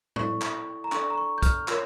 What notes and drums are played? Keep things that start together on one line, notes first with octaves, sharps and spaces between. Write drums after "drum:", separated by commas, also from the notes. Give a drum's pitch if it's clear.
E4 A4 D5 C#6, drum: tom
drum: clap
A#5
D4 A4 D5 C#6, drum: clap
A#5
C#6
G6
F6, drum: kick, hi-hat
F4 A#4 C#5 E6, drum: clap